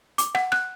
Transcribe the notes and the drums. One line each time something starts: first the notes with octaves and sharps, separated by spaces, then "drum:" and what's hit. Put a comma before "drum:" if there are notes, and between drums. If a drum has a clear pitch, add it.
D6, drum: hi-hat
F#5, drum: rim click
F#6, drum: rim click